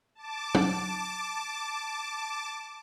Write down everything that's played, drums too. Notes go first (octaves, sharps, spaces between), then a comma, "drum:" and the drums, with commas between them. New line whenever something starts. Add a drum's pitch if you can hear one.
A5 D6
drum: tom